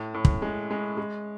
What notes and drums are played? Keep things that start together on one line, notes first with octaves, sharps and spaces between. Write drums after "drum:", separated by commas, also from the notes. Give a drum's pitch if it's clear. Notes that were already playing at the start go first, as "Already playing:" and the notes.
Already playing: A2
A2
drum: kick
G#3
G#3
G#3